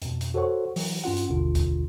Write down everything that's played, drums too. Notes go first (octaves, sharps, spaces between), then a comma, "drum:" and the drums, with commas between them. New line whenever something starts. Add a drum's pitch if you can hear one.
F2 B2, drum: hi-hat
drum: hi-hat
F#4 A4 C5 C#5 F#5 C#6
E3 F#3, drum: open hi-hat
G2 C#4 F4 F#5
drum: hi-hat
G#1 D#2 B2 D3 F4
drum: kick C2, hi-hat